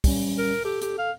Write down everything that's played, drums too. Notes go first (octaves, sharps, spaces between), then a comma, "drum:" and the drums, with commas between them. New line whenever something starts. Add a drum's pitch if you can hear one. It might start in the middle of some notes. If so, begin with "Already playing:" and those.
G3 C#4, drum: kick, open hi-hat
A#4
G4 A4
G4, drum: hi-hat
F5